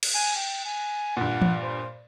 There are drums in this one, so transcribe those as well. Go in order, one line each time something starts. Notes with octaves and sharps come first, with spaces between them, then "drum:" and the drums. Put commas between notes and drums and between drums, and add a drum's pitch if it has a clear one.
drum: cymbal
G#5
G5
G#5
G2 A#2 F#5
drum: tom E3
C5